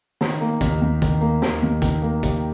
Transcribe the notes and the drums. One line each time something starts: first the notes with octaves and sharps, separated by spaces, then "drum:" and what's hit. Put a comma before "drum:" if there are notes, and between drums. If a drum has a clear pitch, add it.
D#3, drum: snare
A#3
D#2, drum: kick, hi-hat
D#2
D#3, drum: kick, hi-hat
A#3
D#2, drum: snare
D#2
D#3, drum: kick, hi-hat
A#3
G4, drum: kick, hi-hat